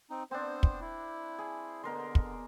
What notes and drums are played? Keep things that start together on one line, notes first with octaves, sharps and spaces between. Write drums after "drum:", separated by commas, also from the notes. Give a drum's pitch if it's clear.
C4 D#4
B3 C4 D4 C5
drum: kick
E4
G#4
B2 D3 A#4 C6
drum: kick